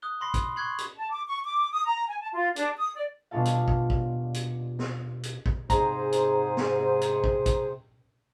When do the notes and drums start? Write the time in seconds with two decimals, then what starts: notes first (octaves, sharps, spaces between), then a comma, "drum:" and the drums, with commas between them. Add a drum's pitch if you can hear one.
0.02 D#6 F#6 G7
0.21 B5 C6 A#6 C7
0.34 drum: kick, hi-hat
0.56 C6 C#6 F#6 G#6 C7 F#7
0.78 drum: hi-hat
0.95 A5
1.10 D6
1.26 C#6
1.44 D6
1.71 D#6
1.85 A#5
2.08 G#5
2.20 A5
2.32 F4
2.56 D4, drum: hi-hat
2.77 D#6
2.95 D5
3.31 D#1 B2 D4 F4 A4 F5
3.45 drum: hi-hat
3.68 drum: kick
3.90 drum: kick
4.34 drum: hi-hat
4.79 drum: snare
5.23 drum: hi-hat
5.46 drum: kick
5.70 G#2 C3 G#4 C5 A#5, drum: kick, hi-hat
6.12 drum: hi-hat
6.57 drum: snare
7.01 drum: hi-hat
7.24 drum: kick
7.46 drum: kick, hi-hat